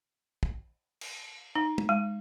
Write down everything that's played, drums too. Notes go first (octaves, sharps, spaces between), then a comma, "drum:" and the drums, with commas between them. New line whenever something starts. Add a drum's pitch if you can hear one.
drum: kick
drum: cymbal
D#4
drum: tom
G#3